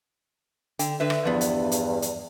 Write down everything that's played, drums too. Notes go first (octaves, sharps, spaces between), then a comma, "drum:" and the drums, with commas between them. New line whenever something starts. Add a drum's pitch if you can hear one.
D3 G5, drum: hi-hat
D3 B4 E5
drum: rim click
E2 G2 F3 B3
drum: hi-hat
drum: hi-hat
drum: hi-hat